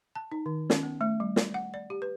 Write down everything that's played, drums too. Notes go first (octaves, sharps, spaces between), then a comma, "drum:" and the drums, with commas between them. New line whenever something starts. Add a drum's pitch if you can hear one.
A5
D#4
D#3
C#4, drum: snare
B3
A3
G3
D5, drum: snare
F#5
D5
G4
B4